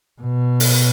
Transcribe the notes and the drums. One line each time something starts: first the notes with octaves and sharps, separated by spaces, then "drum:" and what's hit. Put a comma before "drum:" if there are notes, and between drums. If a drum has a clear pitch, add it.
B2
drum: open hi-hat